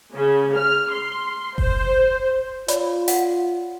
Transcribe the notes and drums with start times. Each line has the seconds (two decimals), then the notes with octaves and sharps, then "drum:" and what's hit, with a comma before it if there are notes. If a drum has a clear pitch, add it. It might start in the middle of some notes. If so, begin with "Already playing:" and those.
0.14 C#3
0.56 F6
0.93 C6
1.58 C5, drum: kick F#1
2.68 F4 C#5 D5 B5, drum: hi-hat
3.08 F5 F#5, drum: open hi-hat